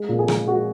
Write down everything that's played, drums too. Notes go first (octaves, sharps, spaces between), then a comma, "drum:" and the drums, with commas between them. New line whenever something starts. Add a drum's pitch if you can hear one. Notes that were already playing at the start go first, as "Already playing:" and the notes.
Already playing: G#3
A#2
G#4
G#3, drum: rim click
G#3 F#4